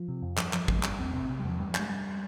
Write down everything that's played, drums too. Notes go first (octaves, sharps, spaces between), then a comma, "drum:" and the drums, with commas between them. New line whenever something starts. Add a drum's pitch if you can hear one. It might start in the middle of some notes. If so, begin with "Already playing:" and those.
Already playing: F3
C3
F2
G2 F3, drum: clap
G2 F3, drum: clap
G2 F3, drum: kick A1
G#3
G2 G3, drum: clap
E2 C4
C3 C4
C3
G3
E2 F3
G2 G3
F3
G2 G#3, drum: clap
G2 G3